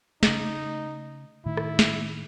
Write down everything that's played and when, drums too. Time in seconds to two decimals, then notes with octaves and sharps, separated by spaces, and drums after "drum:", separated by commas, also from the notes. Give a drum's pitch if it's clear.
0.23 C#3 A3 D#4, drum: snare
1.46 A2 D#3 E4
1.57 drum: rim click
1.79 drum: snare